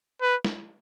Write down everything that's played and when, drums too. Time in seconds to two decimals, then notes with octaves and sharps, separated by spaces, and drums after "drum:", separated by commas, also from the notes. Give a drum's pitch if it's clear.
0.22 B4
0.44 drum: snare